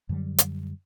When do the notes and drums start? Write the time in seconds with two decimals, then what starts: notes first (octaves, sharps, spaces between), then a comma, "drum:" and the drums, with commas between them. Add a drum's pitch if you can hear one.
0.09 F#2 D3 F#3 G3
0.38 drum: hi-hat